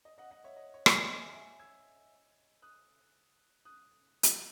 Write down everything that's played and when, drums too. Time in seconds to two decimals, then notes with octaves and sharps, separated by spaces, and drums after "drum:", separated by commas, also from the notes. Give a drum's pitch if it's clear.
0.05 D#5
0.18 D#5 F#5
0.31 D#5 F#5
0.44 C#5 E5
0.57 D#5
0.74 C#5
0.86 C#5, drum: rim click
0.91 D#5
1.08 D#5
1.21 E5 G#5
1.34 E5 G#5
1.60 E6 G#6
2.62 D#6 F#6
3.65 D#6 F#6
4.23 drum: hi-hat